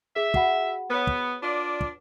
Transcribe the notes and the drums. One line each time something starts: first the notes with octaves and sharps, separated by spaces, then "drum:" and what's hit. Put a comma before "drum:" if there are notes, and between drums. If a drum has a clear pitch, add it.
G#4 E5
F#4 F#5 B5, drum: kick
B3 B4 C#5
drum: kick
D4 F4 D5
drum: kick